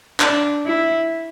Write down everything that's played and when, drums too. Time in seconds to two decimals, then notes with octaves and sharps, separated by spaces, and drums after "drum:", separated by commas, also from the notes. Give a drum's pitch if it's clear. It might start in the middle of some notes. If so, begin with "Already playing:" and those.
0.20 D4, drum: clap
0.67 E4